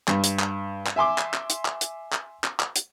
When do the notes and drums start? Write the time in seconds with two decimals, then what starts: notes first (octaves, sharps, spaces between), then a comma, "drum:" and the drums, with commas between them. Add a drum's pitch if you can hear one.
0.08 G2, drum: clap
0.24 drum: hi-hat
0.39 drum: clap
0.87 drum: clap
0.96 E5 G#5 C6 D6
1.18 drum: clap
1.34 drum: clap
1.50 drum: hi-hat
1.65 drum: clap
1.81 drum: hi-hat
2.13 drum: clap
2.44 drum: clap
2.60 drum: clap
2.76 drum: hi-hat